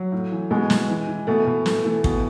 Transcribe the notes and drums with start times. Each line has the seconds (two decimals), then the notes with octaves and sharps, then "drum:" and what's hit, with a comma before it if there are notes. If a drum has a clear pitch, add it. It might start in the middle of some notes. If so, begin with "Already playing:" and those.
Already playing: F#3
0.12 A2
0.32 E3
0.51 B2 G#3
0.70 B2, drum: snare
0.90 E3
1.08 E3
1.27 B2 A3
1.47 B2
1.66 A2 A3, drum: snare
1.84 E3 A3
2.04 B2, drum: kick